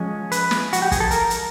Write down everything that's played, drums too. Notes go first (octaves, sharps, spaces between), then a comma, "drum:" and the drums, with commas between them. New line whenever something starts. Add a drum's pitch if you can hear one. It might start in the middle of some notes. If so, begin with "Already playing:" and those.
Already playing: F3 G#3 C#4
B4, drum: hi-hat
drum: snare
F#4, drum: hi-hat
G4
G#4, drum: kick, hi-hat
A4
A#4, drum: hi-hat
drum: hi-hat